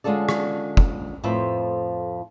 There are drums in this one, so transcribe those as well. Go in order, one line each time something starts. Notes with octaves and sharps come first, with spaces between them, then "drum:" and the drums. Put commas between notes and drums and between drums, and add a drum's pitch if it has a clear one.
D3 G#3 C#4 F4 A4 D5
drum: rim click
drum: kick
F2 A2 F3 B4 C5 E5